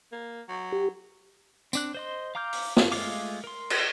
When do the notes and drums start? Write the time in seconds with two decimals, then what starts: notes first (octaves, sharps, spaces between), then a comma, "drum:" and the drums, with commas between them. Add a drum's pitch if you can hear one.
0.12 A#3
0.48 F#3
0.72 G4
1.73 C4 D4 F#6, drum: tambourine
1.94 C5 D#5 C6
2.35 F5 A#5 D6 F6 G6
2.53 drum: open hi-hat
2.77 drum: snare
2.92 G#3 A3 F4 F5 D6, drum: open hi-hat
3.44 A#4 C6
3.70 drum: cymbal